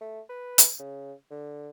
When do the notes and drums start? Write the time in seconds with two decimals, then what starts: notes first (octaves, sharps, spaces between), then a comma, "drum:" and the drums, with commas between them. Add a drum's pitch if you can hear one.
0.01 A3
0.29 B4
0.58 drum: hi-hat
0.79 C#3
1.30 D3